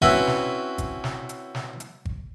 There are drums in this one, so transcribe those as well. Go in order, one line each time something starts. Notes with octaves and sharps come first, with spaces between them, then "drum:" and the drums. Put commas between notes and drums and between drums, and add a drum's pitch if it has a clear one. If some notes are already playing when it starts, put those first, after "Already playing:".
C4 C#4 E4 F#4 B4, drum: kick G#1
drum: snare
drum: kick G#1, hi-hat
drum: snare
drum: hi-hat
drum: snare
drum: hi-hat
drum: kick G#1